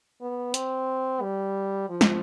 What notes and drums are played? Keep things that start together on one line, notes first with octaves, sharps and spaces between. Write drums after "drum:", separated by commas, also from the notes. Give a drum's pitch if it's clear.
B3
C4, drum: hi-hat
G3
F3
drum: snare